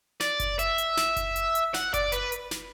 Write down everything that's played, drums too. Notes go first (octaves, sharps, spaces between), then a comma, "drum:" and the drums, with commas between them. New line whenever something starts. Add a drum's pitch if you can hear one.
D5, drum: snare
drum: kick F#1, hi-hat
E5, drum: hi-hat
drum: hi-hat
drum: snare
drum: kick F#1, hi-hat
drum: hi-hat
drum: hi-hat
F#5, drum: snare
D5, drum: kick F#1, hi-hat
B4, drum: hi-hat
drum: hi-hat
drum: snare